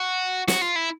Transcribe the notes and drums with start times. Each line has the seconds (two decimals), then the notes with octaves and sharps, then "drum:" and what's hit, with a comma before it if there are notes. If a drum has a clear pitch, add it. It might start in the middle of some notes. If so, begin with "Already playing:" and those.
Already playing: F#4
0.48 F#4, drum: snare
0.61 F4
0.76 E4